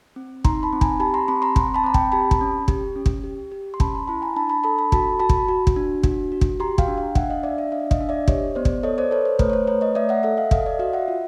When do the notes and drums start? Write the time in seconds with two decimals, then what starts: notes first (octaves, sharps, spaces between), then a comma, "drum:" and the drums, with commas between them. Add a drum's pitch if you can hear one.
0.16 C4
0.44 D#4 A#5 C6, drum: kick
0.63 A5 B5
0.73 C4
0.81 G#5 A#5, drum: kick
1.00 G4 A5 B5
1.14 A#5 C6
1.28 C4 A5 B5
1.42 A#5 C6
1.56 C4 A#5 C6, drum: kick
1.74 A5 B5
1.84 C4 A#5
1.94 G5 A5, drum: kick
2.12 G4 A5 B5
2.31 drum: kick
2.41 C#4
2.68 G4, drum: kick
2.96 C#4
3.06 drum: kick
3.24 G4
3.52 G4
3.74 C6
3.80 C#4 A5 B5, drum: kick
3.94 A#5 C6
4.08 E4 A5 B5
4.22 G#5 A#5
4.36 D4 A5 B5
4.50 A5 B5
4.64 A4 A5 B5
4.78 A5 B5
4.92 F#4 A5 B5, drum: kick
5.20 F#4 A5 B5
5.29 drum: kick
5.48 F#4
5.67 drum: kick
5.76 D4
6.03 F#4, drum: kick
6.32 F#4
6.41 drum: kick
6.60 G4 A#5 C6
6.78 F5 G5, drum: kick
6.88 D4
6.97 F5 G5
7.15 D4 E5 F#5, drum: kick
7.30 D#5 F5
7.43 D4 D5 E5
7.58 D5 E5
7.72 D4 D#5 F5
7.91 D#5 F5, drum: kick
8.01 D4
8.09 D5 E5
8.28 G4 C#5 D#5, drum: kick
8.55 B3 C5 D5
8.65 drum: kick
8.83 A4 C#5 D#5
8.98 C5 D5
9.11 A4 B4 C#5
9.25 C5
9.39 A3 B4, drum: kick
9.50 C#5
9.53 C5
9.67 A3 B4 C#5
9.81 C#5 D#5
9.95 A3 D5 E5
10.09 E5 F#5
10.23 A4 E5 F#5
10.37 D#5 F5
10.51 A4 D#5 F5, drum: kick
10.66 D5 E5
10.79 F#4 D#5 F5
10.93 E5 F#5
11.08 F4